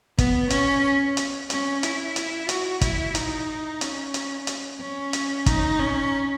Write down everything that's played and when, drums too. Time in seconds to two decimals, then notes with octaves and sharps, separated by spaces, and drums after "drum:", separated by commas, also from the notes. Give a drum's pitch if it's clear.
0.18 B3, drum: kick, hi-hat
0.50 C#4, drum: hi-hat
1.17 drum: hi-hat
1.50 C#4, drum: hi-hat
1.83 E4, drum: hi-hat
2.16 drum: hi-hat
2.49 F#4, drum: hi-hat
2.81 E4, drum: kick, hi-hat
3.15 D#4, drum: hi-hat
3.81 C#4, drum: hi-hat
4.14 drum: hi-hat
4.47 drum: hi-hat
4.81 C#4
5.13 drum: hi-hat
5.46 D#4, drum: kick, hi-hat
5.79 C#4